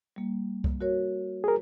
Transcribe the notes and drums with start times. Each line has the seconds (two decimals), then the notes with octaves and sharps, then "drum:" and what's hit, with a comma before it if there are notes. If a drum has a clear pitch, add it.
0.16 G3 A#3
0.64 drum: kick C2
0.81 F#4 A#4 C#5
1.44 G#4 A#4